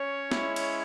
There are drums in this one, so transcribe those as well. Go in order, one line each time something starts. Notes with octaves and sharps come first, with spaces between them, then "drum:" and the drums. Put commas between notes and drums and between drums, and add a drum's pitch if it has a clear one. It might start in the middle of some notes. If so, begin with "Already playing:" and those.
Already playing: C#4 C#5
G#3 E4, drum: snare
drum: cymbal